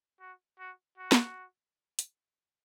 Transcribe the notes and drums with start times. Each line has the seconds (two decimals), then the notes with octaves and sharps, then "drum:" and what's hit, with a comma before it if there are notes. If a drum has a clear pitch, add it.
0.20 F#4
0.59 F#4
0.98 F#4
1.12 drum: snare
1.99 drum: hi-hat